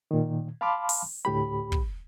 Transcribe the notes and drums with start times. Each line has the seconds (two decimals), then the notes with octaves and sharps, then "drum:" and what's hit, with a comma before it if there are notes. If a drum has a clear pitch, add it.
0.11 A#2 D#3
0.61 F5 A5 B5 C6 D6 F6
0.89 drum: open hi-hat
1.25 D2 A2 G4 B5
1.72 drum: kick